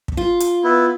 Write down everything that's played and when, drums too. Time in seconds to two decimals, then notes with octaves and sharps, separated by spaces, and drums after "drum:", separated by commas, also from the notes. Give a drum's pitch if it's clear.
0.08 drum: kick
0.17 F4
0.40 drum: hi-hat
0.64 B3 E4